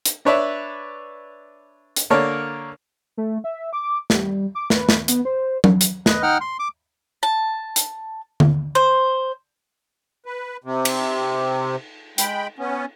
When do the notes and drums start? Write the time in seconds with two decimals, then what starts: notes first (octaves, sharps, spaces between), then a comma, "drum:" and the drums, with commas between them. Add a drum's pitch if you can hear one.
0.06 drum: hi-hat
0.25 D4 B4 C#5 D5 E5
1.96 drum: hi-hat
2.10 D3 A#3 A#4 C#5 D5
3.17 A3
3.44 E5
3.73 D6
4.10 G3, drum: snare
4.55 D6
4.70 B4, drum: snare
4.89 drum: snare
5.08 B3, drum: hi-hat
5.25 C5
5.64 drum: tom F#3
5.81 drum: hi-hat
6.06 B4 D#5, drum: snare
6.23 D#4 F#5 G5 F6
6.41 C6
6.59 D6
7.23 A5
7.76 drum: hi-hat
8.40 drum: tom D3
8.75 C5
10.26 B4
10.64 C3
10.85 drum: cymbal
12.18 G#3 G5 B5, drum: hi-hat
12.58 B3 C#4